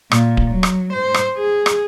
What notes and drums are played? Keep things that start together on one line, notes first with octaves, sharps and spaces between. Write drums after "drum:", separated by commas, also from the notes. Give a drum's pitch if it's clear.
A#2, drum: rim click
drum: kick D1
F#3
drum: rim click
C5
drum: rim click
G#4
drum: rim click